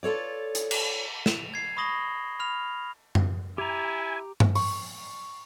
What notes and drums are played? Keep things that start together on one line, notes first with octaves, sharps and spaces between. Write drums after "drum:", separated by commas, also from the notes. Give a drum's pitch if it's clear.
F4 A4 C#5 D5
drum: hi-hat
drum: cymbal
E7 F7, drum: snare
G#6 C7
B5 C#6 D#6 A#6 F#7 G7
B5 F6 F7
drum: tom F#2
E4 G4 G#5 A#5
drum: tom G2
C#6, drum: open hi-hat